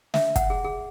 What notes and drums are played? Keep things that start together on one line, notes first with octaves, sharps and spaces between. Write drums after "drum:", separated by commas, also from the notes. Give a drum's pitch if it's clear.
E5, drum: snare
F#5, drum: kick, hi-hat
G#4
G#4